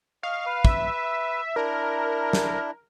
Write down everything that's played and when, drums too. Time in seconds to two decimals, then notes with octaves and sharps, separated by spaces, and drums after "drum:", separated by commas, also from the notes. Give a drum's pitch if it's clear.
0.23 D#5 F5 C#6
0.46 B4
0.65 E5, drum: kick
1.56 D4 E4 A#4
2.33 drum: snare